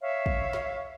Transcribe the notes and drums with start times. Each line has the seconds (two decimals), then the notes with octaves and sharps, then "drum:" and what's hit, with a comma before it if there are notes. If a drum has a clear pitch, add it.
0.01 C#5 E5 F5
0.26 drum: kick
0.53 drum: snare